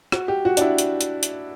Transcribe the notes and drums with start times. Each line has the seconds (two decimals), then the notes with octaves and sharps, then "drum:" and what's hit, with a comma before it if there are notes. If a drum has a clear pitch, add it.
0.12 F#4, drum: rim click
0.28 G4
0.45 F#4
0.57 D4, drum: hi-hat
0.61 E4
0.78 drum: hi-hat
1.01 drum: hi-hat
1.23 drum: hi-hat